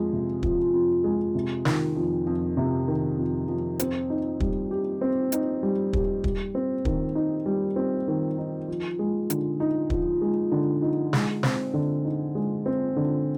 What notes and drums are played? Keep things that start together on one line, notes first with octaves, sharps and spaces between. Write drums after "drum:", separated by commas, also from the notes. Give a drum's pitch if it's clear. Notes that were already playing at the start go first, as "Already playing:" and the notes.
Already playing: F2 F3 G#3
C3
F3, drum: kick
F2
G#3
C3
D#3, drum: snare
F2
F2
C3
D#3
F2
F2
C4, drum: hi-hat
D#4
G3, drum: kick
G4
C4
D#4, drum: hi-hat
G3
G4, drum: kick
G3, drum: kick
C4
D#3, drum: kick
D#4
G3
C4
D#3
D#4
F3
G#3
D3, drum: hi-hat
D#4
F3, drum: kick
G#3
D3
D#4
G#3, drum: snare
C4, drum: snare
D3
D#4
G#3
C4
D3